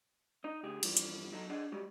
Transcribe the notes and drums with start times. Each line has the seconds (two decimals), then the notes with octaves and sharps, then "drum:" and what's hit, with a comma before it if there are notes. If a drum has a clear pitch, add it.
0.44 D#4 D#5
0.63 D2 G4 G#4
0.83 G2 E3 F3, drum: cymbal
0.97 drum: hi-hat
1.33 F#3 D#4 A4
1.50 D4 G#4 D#5 F#5
1.72 G3 G#3 C#4 F#4 G4